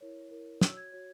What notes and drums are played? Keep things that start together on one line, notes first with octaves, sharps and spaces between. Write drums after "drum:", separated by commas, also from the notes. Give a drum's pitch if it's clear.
E4 A#4 C#5
E4 A#4 C#5
F#4 C#5 E6, drum: snare
G#6
F#4 C#5